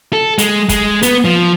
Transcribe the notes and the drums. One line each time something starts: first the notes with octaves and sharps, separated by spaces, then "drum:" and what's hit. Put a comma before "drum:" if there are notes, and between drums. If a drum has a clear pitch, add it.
A4
G#3, drum: hi-hat
G#3, drum: kick, hi-hat
B3, drum: hi-hat
F3